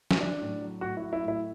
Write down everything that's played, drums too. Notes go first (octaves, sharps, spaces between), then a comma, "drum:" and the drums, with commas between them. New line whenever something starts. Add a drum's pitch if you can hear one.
drum: snare
F#3 D4
A2
F#3
A2 F#4
E4
F#3
E4
A2
E4